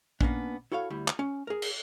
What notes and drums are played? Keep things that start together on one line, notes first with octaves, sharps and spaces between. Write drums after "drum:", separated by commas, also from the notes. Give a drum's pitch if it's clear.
A#3 B3 C#4 D4, drum: kick A#1
E4 F#4 A4 C#5 F5
D2 G3 E4
drum: clap
C#4
G#4 A#4
drum: cymbal